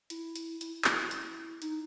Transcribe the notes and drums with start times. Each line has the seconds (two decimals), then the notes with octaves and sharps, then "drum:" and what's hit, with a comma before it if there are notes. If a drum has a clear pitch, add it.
0.10 E4, drum: hi-hat
0.36 drum: hi-hat
0.61 E4, drum: hi-hat
0.84 E4, drum: clap
1.11 drum: hi-hat
1.62 D#4, drum: hi-hat